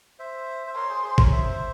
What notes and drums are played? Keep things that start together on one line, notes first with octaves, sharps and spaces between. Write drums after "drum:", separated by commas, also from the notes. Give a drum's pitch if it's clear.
C5 E5
C5
A#4 C#5 C6
G#4 C5
G#4 C5
A#4 C#5, drum: kick A1
C5 E5